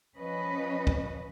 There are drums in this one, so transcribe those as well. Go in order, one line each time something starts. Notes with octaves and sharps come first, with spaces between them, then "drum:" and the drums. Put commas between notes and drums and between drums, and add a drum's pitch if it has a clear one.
F3 C#4 B4 D#5
drum: kick